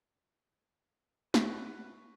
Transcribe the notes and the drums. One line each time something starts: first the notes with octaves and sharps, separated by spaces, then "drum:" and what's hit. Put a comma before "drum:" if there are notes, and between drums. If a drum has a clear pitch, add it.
B4 F#5 C#6 A#6 B6, drum: snare